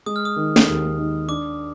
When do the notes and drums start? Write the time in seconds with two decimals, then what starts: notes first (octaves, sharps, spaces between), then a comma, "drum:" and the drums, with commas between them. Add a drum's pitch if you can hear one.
0.06 G#3 D#6
0.16 F6
0.25 D#6
0.36 D#3
0.56 drum: snare
0.68 D#2
0.98 D#3
1.28 D4 D6